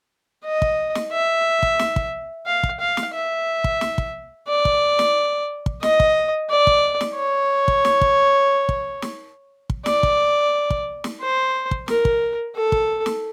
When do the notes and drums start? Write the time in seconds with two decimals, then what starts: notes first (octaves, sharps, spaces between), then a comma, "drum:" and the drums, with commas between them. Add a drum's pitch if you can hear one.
0.45 D#5
0.62 drum: kick
0.95 drum: snare
1.12 E5
1.63 drum: kick
1.79 drum: snare
1.96 drum: kick
2.46 F5
2.63 drum: kick
2.80 F5
2.97 drum: snare
3.14 E5
3.64 drum: kick
3.81 drum: snare
3.98 drum: kick
4.49 D5
4.65 drum: kick
4.99 drum: snare
5.66 drum: kick
5.83 D#5, drum: snare
6.00 drum: kick
6.50 D5
6.67 drum: kick
7.01 drum: snare
7.17 C#5
7.68 drum: kick
7.85 drum: snare
8.01 drum: kick
8.69 drum: kick
9.02 drum: snare
9.70 drum: kick
9.86 D5, drum: snare
10.03 drum: kick
10.70 drum: kick
11.04 drum: snare
11.21 C5
11.71 drum: kick
11.88 A#4, drum: snare
12.05 drum: kick
12.56 A4
12.72 drum: kick
13.06 drum: snare